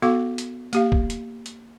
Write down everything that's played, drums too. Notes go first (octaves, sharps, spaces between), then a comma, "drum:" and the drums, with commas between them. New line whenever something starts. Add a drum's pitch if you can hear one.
B3 F#4 A4 F5 D6
drum: hi-hat
A#3 G4 F5, drum: hi-hat
drum: kick
drum: hi-hat
drum: hi-hat